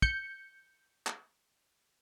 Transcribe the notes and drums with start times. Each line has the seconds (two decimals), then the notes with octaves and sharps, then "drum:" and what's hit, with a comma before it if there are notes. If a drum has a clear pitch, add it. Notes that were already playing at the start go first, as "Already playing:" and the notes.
0.02 G6 C#7, drum: kick
1.07 drum: clap